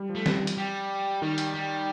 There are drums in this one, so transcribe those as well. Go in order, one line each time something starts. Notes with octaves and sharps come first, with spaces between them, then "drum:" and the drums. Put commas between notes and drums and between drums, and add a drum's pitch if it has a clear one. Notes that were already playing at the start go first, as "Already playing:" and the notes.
Already playing: G3
F3
A3
G3, drum: snare
drum: hi-hat
G3
D#3 G3
drum: hi-hat
G3